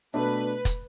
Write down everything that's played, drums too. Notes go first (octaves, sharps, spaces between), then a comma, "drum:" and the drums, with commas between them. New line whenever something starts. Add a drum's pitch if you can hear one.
B2 A3 D4 B4
drum: kick, hi-hat